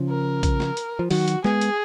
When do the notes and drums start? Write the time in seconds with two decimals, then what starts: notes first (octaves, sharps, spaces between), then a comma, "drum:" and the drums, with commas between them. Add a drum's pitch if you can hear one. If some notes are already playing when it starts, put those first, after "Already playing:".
Already playing: C#3 F3
0.10 A#4
0.43 drum: kick A#1, hi-hat
0.60 drum: snare
0.77 drum: hi-hat
0.99 F3
1.11 D#3 F#3 F#4, drum: open hi-hat
1.28 drum: hi-hat
1.44 G#3 B3 G#4, drum: snare
1.61 drum: hi-hat